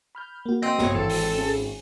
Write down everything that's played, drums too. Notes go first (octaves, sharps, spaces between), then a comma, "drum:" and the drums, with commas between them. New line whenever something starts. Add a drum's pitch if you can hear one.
B5 F6 G6
A#3 F#4
C4 D#5
A#1 G2 C#5, drum: snare
G#1 E3 A4
drum: open hi-hat
C#4 G#4